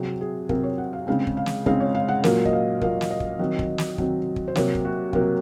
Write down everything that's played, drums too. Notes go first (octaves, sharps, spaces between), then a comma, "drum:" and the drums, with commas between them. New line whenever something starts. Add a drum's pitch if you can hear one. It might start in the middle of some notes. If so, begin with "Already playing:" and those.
Already playing: C3 F#3 C4 G#4
G#4
C3 F#3 C4 A#4, drum: kick
C#5
F#5
F5
C#3 G#3 C4 F5
drum: kick
F5
drum: snare
C#3 G#3 C4 F5, drum: kick
C#5
F5
F#5
A#2 F#3 A#3 F5, drum: snare
D#5, drum: kick
F5
A#2 F#3 A#3 F5, drum: kick
drum: snare
D#5
drum: kick
D#3 F#3 C4
drum: kick
drum: snare
D#3 F#3 C4, drum: kick
drum: kick
C5
C3 F#3 A#3 C#5, drum: snare
drum: kick
F#4
C3 F#3 A#3, drum: kick